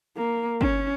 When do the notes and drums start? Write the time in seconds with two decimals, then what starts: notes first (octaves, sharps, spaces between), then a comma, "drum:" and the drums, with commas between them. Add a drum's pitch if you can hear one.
0.17 A#3
0.61 C#4, drum: kick G1